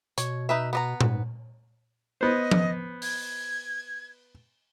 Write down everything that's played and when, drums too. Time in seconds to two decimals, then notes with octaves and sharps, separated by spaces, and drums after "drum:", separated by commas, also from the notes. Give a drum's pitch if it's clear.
0.18 B2 C#5, drum: hi-hat
0.49 D#4 B4 E5
0.73 B3 D#5 A#5
1.01 G#2, drum: tom A#2
2.21 B3 C5 D#5
2.51 drum: tom F3
3.02 G#6, drum: open hi-hat